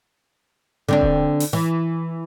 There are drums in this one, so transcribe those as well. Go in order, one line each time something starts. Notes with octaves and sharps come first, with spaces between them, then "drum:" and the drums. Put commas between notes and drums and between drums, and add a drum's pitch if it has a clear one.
D3 C4 D4
drum: kick D#1
drum: open hi-hat
E3